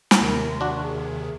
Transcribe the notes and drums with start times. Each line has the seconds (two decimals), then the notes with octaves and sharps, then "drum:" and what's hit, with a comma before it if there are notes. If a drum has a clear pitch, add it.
0.11 drum: snare
0.21 D#2 C3 D#3 A#4
0.49 C6
0.61 D4 F#4
0.82 G#4